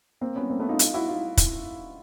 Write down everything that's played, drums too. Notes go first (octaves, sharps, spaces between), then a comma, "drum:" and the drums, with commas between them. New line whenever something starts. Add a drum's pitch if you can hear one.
A#3 C4
B3 C#4
A#3 C4
A3 B3
D#4 F4
D#4 F4, drum: hi-hat
E4 F#4
D#4 F4
drum: kick, hi-hat